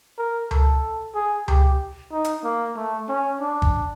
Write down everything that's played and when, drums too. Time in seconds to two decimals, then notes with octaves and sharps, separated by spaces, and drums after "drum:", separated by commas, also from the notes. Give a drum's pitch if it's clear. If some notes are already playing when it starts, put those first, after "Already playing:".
0.19 A#4
0.51 A4, drum: tom C#2
1.15 G#4
1.48 G4, drum: tom C#2
2.12 D#4
2.24 drum: hi-hat
2.44 A#3
2.76 A3
3.09 C#4
3.41 D4
3.62 drum: kick